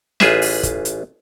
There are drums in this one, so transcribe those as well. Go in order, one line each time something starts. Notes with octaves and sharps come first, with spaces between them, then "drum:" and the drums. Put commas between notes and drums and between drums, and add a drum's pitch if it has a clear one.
A1 F4 G#4 B4 E5, drum: snare
drum: open hi-hat
drum: kick, hi-hat
drum: hi-hat